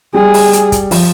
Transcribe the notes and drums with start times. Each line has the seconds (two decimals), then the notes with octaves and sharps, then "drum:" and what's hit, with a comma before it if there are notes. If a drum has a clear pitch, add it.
0.14 G3 G#4
0.34 drum: open hi-hat
0.53 drum: hi-hat
0.72 drum: kick, hi-hat
0.91 F3, drum: open hi-hat